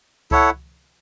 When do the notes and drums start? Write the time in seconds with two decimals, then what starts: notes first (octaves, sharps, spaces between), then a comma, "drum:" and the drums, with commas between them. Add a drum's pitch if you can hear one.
0.31 E4 A4 C#5 F#5, drum: kick C#2